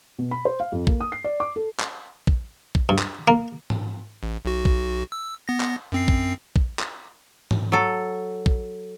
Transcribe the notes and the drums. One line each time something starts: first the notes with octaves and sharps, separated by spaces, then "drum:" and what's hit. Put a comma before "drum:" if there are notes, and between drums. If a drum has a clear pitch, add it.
B2
B5
C5
F5
F2
A#3, drum: kick
D#6
C7
D5
D6
A4
drum: clap
drum: kick
drum: kick
G2
drum: clap
A#3
drum: tom G#2
A1
B1 F#4
drum: kick
E6
B3 A#6
drum: clap
F#2 C4 C7
drum: kick
drum: kick
drum: clap
drum: tom G#2
F#3 A4
drum: kick